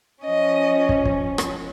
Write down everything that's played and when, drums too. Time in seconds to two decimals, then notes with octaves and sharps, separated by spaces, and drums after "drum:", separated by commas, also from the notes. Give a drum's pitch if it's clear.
0.23 F3 C#4 D#5
0.89 drum: kick
1.05 drum: kick
1.38 drum: rim click